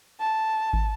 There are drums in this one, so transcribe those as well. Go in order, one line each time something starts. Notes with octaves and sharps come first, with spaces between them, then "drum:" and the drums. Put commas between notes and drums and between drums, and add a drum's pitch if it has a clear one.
A5
drum: kick